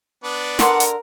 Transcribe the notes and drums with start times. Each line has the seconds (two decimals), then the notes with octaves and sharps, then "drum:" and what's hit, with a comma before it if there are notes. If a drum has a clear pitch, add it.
0.24 B3 D4 D5
0.59 D3 A#4 F#5 C6, drum: snare
0.80 drum: hi-hat